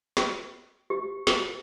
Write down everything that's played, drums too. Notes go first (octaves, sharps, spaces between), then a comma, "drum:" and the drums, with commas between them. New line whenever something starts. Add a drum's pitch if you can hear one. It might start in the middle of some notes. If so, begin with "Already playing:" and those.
drum: snare
G4
drum: snare